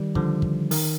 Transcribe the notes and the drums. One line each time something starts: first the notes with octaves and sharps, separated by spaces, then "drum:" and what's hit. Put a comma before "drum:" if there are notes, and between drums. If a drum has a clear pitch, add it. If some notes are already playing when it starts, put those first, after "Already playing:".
Already playing: D#3 G3
D3 F3, drum: kick
drum: kick
D#3, drum: open hi-hat